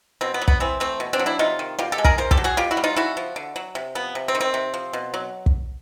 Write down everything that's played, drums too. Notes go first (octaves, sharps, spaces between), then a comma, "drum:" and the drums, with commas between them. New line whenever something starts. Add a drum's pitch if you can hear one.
B2 C4
B3
F#3
B3, drum: kick
E3 C4
A3 C4
B2
C4 D4
F#3
D4 E4
C3 D#4 F4
D#3
B2 F4 G4
G4 A4
G#3
G#4 A#4, drum: kick
C#3 A#4 C5
G4 A4, drum: kick
F#3
F#4 G#4
B2 F4 G4
E4 F#4
G3
D#4 F4
C#3 E4 F#4
F3
D3
F#3
C3
F3 B3
C3
C4
D#3
C4
C3
F3
B2
F#3
drum: kick